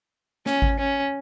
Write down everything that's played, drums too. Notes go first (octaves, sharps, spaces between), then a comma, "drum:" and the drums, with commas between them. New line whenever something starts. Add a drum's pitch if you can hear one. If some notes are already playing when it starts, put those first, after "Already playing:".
C#4, drum: snare
drum: kick G#1
C#4